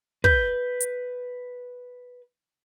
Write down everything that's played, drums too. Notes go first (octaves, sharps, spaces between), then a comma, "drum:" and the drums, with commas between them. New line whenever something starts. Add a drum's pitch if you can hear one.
B4 G6, drum: kick
drum: hi-hat